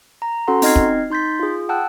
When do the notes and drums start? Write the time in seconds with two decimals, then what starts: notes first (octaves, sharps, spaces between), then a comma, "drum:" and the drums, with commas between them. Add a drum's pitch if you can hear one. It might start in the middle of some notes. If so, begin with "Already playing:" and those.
0.22 A#5
0.48 C#4 F#4 A4 F#5 A#5 C6
0.62 C4 D#4 D#5 F6 G#6 C7, drum: open hi-hat
0.76 drum: kick
1.11 D#4 C6 G6 A6 B6
1.40 F4 G#4
1.69 F#5 G5 A5 E6 F#6